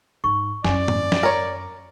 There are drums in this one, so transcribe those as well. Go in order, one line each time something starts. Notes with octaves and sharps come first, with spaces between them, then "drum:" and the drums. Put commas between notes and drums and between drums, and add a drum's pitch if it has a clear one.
G#2 C#6
F#2 E4 D5 G#5, drum: snare
drum: tom G#2
drum: snare
A#4 C#5